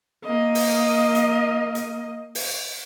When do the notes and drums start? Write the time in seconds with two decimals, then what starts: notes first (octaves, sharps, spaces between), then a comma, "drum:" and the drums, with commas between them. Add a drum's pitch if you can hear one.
0.25 A#3 D#5
0.55 drum: open hi-hat
1.15 drum: hi-hat
1.75 drum: hi-hat
2.35 drum: open hi-hat